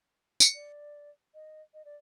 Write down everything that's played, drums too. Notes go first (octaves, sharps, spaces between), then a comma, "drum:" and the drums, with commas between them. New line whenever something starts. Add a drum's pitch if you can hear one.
drum: tambourine
D5
D#5
D#5
D5